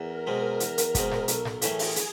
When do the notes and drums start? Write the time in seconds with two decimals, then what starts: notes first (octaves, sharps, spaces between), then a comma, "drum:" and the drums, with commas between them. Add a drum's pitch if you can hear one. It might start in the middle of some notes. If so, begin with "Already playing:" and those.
Already playing: E2 A#4
0.27 B2 G#3 C4
0.60 E2, drum: hi-hat
0.78 drum: hi-hat
0.95 B2 G#3 C4, drum: kick, hi-hat
1.11 drum: snare
1.28 B1 A4, drum: hi-hat
1.45 drum: snare
1.62 A2 E3 A3 C#4 G#4, drum: hi-hat
1.79 drum: open hi-hat
1.96 drum: hi-hat